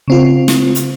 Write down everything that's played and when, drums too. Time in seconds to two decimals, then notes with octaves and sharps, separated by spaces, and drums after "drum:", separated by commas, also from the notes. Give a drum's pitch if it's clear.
0.08 C#3 C4 F4
0.48 drum: snare
0.75 drum: hi-hat